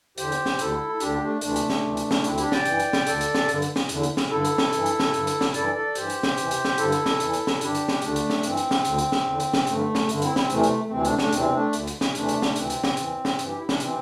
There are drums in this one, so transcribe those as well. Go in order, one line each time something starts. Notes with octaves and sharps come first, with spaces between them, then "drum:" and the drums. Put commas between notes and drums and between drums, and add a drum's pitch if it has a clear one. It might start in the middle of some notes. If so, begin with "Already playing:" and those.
E2 D3 G4 C5, drum: hi-hat
drum: hi-hat
drum: snare
D2 D3 E4 A4, drum: hi-hat
E4
D2 D3 D4 G4, drum: hi-hat
A3 D4
D2 C3 E3 A3 D4, drum: hi-hat
drum: hi-hat
drum: snare
D2 C3 E3
drum: hi-hat
drum: snare
D2 D3 C4 E4, drum: hi-hat
D4 G4, drum: hi-hat
D5 G5, drum: snare
G2 E3, drum: hi-hat
drum: hi-hat
drum: snare
D2 D3 A4 D5, drum: hi-hat
drum: hi-hat
drum: snare
G2 D3, drum: hi-hat
drum: hi-hat
drum: snare
E2 D3, drum: hi-hat
drum: hi-hat
drum: snare
G2 D3 E4 A4
drum: hi-hat
drum: snare
G2 E3, drum: hi-hat
drum: hi-hat
drum: snare
G2 D3, drum: hi-hat
drum: hi-hat
drum: snare
G2 E3 A4 D5, drum: hi-hat
A4 D5
G2 E3 G4 C5, drum: hi-hat
drum: hi-hat
drum: snare
E2 C3 E3, drum: hi-hat
drum: hi-hat
drum: snare
G2 D3 E4 A4, drum: hi-hat
drum: hi-hat
drum: snare
E2 E3, drum: hi-hat
drum: hi-hat
drum: snare
G2 D3 D4 G4, drum: hi-hat
drum: hi-hat
drum: snare
D2 D3 A3 D4, drum: hi-hat
drum: hi-hat
drum: snare
G2 E3 C4, drum: hi-hat
drum: hi-hat
drum: snare
D2 D3, drum: hi-hat
drum: hi-hat
drum: snare
E2 D3
drum: hi-hat
drum: snare
G2 D3 A3, drum: hi-hat
drum: snare
G2 D3, drum: hi-hat
C4 E4, drum: hi-hat
C4, drum: snare
E2 C3 E3 A3, drum: hi-hat
drum: hi-hat
A3
D2 C3 E3 C4
A3 D4, drum: hi-hat
A3 D4, drum: snare
E2 C3 E3 C4, drum: hi-hat
A3 D4
D2 D3, drum: hi-hat
drum: hi-hat
drum: snare
E2 C3 E3 A3 D4, drum: hi-hat
drum: hi-hat
drum: snare
D2 C3 E3 C4, drum: hi-hat
drum: hi-hat
drum: snare
E2 E3, drum: hi-hat
drum: snare
G2 E3, drum: hi-hat
G4
E4
D4, drum: snare
C3 E3 C4, drum: hi-hat